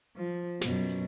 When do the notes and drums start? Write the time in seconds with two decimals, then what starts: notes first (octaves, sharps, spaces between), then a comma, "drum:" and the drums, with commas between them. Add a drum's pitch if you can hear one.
0.16 F3
0.61 F#2 B2, drum: snare
0.89 drum: hi-hat